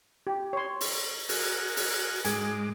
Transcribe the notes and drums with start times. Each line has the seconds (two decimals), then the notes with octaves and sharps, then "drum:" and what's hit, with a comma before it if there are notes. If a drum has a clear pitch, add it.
0.27 G4
0.53 C#5 C6
0.81 drum: open hi-hat
1.29 F#4 G#4 A#4, drum: open hi-hat
1.77 drum: open hi-hat
2.25 G#2 G#3 G#4 G#5 D6, drum: hi-hat